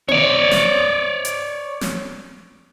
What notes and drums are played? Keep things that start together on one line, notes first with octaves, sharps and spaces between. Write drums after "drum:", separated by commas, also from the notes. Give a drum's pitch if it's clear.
C#5 D5, drum: tom A#3
drum: snare
drum: hi-hat
drum: snare